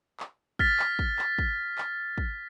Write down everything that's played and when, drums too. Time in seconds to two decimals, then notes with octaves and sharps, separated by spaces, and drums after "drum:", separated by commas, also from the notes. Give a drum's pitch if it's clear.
0.20 drum: clap
0.59 F6 A6 B6, drum: kick
0.79 drum: clap
0.99 drum: kick
1.19 drum: clap
1.39 drum: kick
1.78 drum: clap
2.18 drum: kick